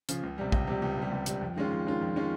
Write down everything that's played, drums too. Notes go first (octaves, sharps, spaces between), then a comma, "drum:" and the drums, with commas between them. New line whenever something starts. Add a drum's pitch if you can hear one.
C#3 F3, drum: hi-hat
C#2
C3 G3
C#2, drum: kick
C3 G3
C#2
C3 G3
C#2
C3 G3, drum: hi-hat
F2
D#3 G#3 C#4 F4
F2
D#3 G#3 C#4 F4
F2
D#3 G#3 C#4 F4